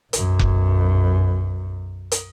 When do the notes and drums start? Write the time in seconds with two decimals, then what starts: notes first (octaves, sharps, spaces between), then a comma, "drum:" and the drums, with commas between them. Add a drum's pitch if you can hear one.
0.13 B1 F#2, drum: hi-hat
0.39 drum: kick F1
2.12 drum: hi-hat